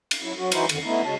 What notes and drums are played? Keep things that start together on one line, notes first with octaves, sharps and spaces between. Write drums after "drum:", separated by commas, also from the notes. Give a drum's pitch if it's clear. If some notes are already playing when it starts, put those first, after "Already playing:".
drum: cymbal
F#3 E4
F#3 F#4
E3 F#3 D#4 E4 F#4 C5, drum: cymbal
F2 D3 D#3, drum: cymbal
A3 B3 D#4 E4
C#3 G#3 F#4 C#5 A5